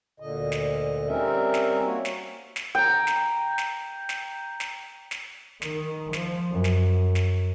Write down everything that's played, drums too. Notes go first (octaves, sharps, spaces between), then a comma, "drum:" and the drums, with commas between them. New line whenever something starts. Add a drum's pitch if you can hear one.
D2 A#2 D3 D#5
drum: snare
G3 C4 C#4 D#4 A#4 E5
drum: snare
A#3 F#4 C#5
drum: snare
drum: snare
G5 A#5
drum: snare
drum: snare
drum: snare
drum: snare
drum: snare
D#3, drum: snare
F3, drum: snare
F#2
drum: snare
drum: snare